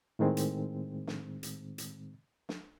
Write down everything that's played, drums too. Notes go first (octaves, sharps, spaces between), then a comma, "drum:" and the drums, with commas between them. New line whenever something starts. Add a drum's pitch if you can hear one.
A2 D#3 G#3 C4
drum: hi-hat
drum: snare
drum: hi-hat
drum: hi-hat
drum: snare